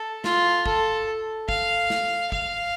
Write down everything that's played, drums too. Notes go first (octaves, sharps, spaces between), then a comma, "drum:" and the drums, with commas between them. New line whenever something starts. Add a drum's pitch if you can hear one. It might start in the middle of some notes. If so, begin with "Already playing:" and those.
Already playing: A4
F4, drum: snare
A4, drum: kick
F5, drum: kick
drum: snare
F5, drum: kick